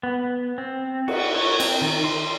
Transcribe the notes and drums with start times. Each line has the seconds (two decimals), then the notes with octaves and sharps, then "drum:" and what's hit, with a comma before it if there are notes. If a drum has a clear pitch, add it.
0.03 B3
0.58 C4
1.08 F#4, drum: cymbal
1.35 C#5
1.60 C4, drum: cymbal
1.82 D#3
2.04 C6